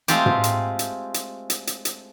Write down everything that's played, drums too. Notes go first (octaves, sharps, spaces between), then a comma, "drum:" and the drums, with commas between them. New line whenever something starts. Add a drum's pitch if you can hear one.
G#3 A3 C4 F4 G4, drum: hi-hat
drum: tom
drum: hi-hat
drum: hi-hat
drum: hi-hat
drum: hi-hat
drum: hi-hat
drum: hi-hat